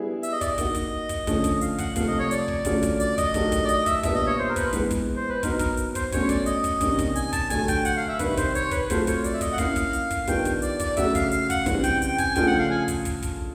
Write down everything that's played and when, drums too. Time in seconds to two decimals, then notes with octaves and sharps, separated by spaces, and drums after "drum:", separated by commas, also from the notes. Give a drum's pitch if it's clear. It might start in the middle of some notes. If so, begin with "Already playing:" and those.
Already playing: G3 B3 E4 G#4
0.23 E5, drum: hi-hat
0.32 D#5
0.41 D5, drum: kick, hi-hat
0.51 D#5
0.58 A#3 D#4 F#4, drum: kick, hi-hat
0.75 drum: kick, hi-hat
1.09 drum: kick, hi-hat
1.27 D3 F3 A3 C#4, drum: kick, hi-hat
1.44 drum: kick, hi-hat
1.61 F5, drum: hi-hat
1.78 F#5, drum: kick, hi-hat
1.96 C3 F3 A3 F5, drum: kick, hi-hat
2.08 D#5
2.19 C#5
2.31 D5, drum: hi-hat
2.48 drum: kick
2.65 D3 F#3 A3 C#4 F4, drum: kick, hi-hat
2.83 drum: kick, hi-hat
3.00 D5, drum: hi-hat
3.18 D#5, drum: kick, hi-hat
3.34 D#3 F#3 A3 D4 G4, drum: kick, hi-hat
3.52 drum: kick, hi-hat
3.64 D5
3.69 D#5, drum: hi-hat
3.86 E5, drum: kick, hi-hat
4.03 A#2 G3 B3 D4 F4 E5, drum: kick, hi-hat
4.15 D#5
4.26 C#5
4.39 C5
4.49 A#4
4.56 B4, drum: kick, hi-hat
4.73 E3 G#3 B3, drum: kick, hi-hat
4.91 drum: kick, hi-hat
5.16 C5
5.29 B4
5.43 F#3 B3 D#4 A#4, drum: kick, hi-hat
5.59 A#4, drum: kick, hi-hat
5.77 drum: hi-hat
5.95 C5, drum: kick, hi-hat
6.12 B2 F#3 A3 C#4 C#5, drum: kick, hi-hat
6.29 D5, drum: kick, hi-hat
6.46 D#5, drum: hi-hat
6.64 drum: kick, hi-hat
6.81 C3 D#3 G3 A#3 C#4, drum: kick, hi-hat
6.99 drum: kick, hi-hat
7.16 G#5, drum: hi-hat
7.33 A5, drum: kick, hi-hat
7.50 G2 D3 F#3 A3 D4 G#5, drum: kick, hi-hat
7.68 G5, drum: kick, hi-hat
7.85 F#5, drum: hi-hat
7.96 F5
8.08 E5
8.19 C3 D#3 G3 B4, drum: kick, hi-hat
8.37 C5, drum: kick, hi-hat
8.55 C#5, drum: hi-hat
8.71 B4, drum: kick, hi-hat
8.90 F#3 A3 C4 F4 A4 C5, drum: kick, hi-hat
9.07 C#5, drum: kick, hi-hat
9.24 D5, drum: hi-hat
9.34 E5
9.41 D#5, drum: kick, hi-hat
9.52 F#5
9.58 A#3 C#4 E4 F5, drum: kick, hi-hat
9.76 drum: kick, hi-hat
9.93 drum: hi-hat
10.10 drum: kick, hi-hat
10.27 D#3 G3 B3 D4 F4 G5, drum: kick, hi-hat
10.45 drum: kick, hi-hat
10.62 D5, drum: hi-hat
10.79 D5, drum: kick, hi-hat
10.97 C#3 F#3 A3 C#4 F#4 E5, drum: kick, hi-hat
11.15 F5, drum: kick, hi-hat
11.31 F5, drum: hi-hat
11.50 F#5, drum: kick, hi-hat
11.66 C#3 E3 G3 C4, drum: kick, hi-hat
11.84 G5, drum: kick, hi-hat
12.02 G5, drum: hi-hat
12.18 G#5, drum: kick, hi-hat
12.35 C#3 F3 A3 D4 F4 G5, drum: kick, hi-hat
12.47 F#5
12.59 F5
12.71 G#5
12.88 drum: kick, hi-hat
13.05 drum: kick, hi-hat
13.22 drum: kick, hi-hat